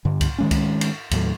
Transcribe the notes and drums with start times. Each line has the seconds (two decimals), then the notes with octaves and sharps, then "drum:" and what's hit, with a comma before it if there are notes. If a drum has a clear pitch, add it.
0.05 G2 D3
0.21 drum: kick C#2, cymbal
0.38 D#3 G#3 C#4
0.51 drum: kick C#2, cymbal
0.81 drum: cymbal
1.11 D#2 A2 F#3 A3, drum: cymbal